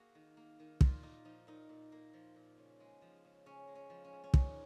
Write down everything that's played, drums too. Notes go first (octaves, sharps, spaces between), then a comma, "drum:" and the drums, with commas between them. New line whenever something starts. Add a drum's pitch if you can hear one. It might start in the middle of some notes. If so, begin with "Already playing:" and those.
Already playing: A#3 F#4 G#4
D#3
A#3
D#3
A#2 F4, drum: kick
A#3 D#4
F3 D#4
A#2 D#4
A#2
A#3
F3
A#2
C#3
G#3
F3
C#3
C#3 C#4
G#3
C#4
F3
C#4
C#3
C#4
A#2 D#4, drum: kick